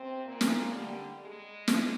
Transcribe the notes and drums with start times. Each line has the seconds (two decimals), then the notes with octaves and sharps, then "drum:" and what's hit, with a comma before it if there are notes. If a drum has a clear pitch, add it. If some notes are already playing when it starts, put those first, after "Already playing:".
Already playing: C3 C4
0.25 A#2 A#3
0.41 drum: snare
0.72 D3 G3
1.20 G#3
1.68 drum: snare